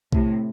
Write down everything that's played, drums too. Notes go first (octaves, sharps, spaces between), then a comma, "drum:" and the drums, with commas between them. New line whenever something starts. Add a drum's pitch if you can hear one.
A2 C3, drum: kick B1